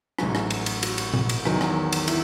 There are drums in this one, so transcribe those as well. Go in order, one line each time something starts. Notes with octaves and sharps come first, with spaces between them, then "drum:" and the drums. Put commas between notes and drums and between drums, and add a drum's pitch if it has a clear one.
A1 G#2 F#3 F#4, drum: rim click
drum: rim click
drum: cymbal
drum: cymbal
F#4, drum: cymbal
drum: cymbal
drum: tom A#2
drum: cymbal
E2 D#3 F#3, drum: rim click
drum: rim click
drum: cymbal
E4, drum: cymbal